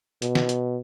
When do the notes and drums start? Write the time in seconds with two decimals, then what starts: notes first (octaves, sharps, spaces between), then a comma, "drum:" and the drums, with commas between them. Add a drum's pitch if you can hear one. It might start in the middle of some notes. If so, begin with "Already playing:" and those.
0.22 B2, drum: hi-hat
0.35 drum: snare
0.49 drum: hi-hat